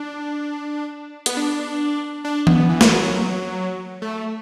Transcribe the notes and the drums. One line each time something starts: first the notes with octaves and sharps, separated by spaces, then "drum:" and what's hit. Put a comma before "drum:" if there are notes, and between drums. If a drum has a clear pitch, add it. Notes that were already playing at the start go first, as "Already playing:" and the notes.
Already playing: D4
B3, drum: hi-hat
D4
D4
B3, drum: tom E3
E3
drum: snare
F#3
A3